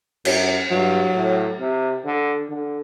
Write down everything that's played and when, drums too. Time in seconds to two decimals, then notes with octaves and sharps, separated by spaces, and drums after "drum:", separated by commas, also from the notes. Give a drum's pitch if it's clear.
0.25 F#2, drum: cymbal
0.70 G2 F#3
1.15 A2
1.60 C3
2.05 D3
2.50 D3